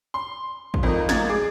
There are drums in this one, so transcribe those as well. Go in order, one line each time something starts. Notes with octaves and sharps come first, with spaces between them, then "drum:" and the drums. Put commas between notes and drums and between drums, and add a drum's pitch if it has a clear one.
C6
drum: kick
F2 A#2 A#3 D#4
G#6 A6, drum: snare
G#4 D6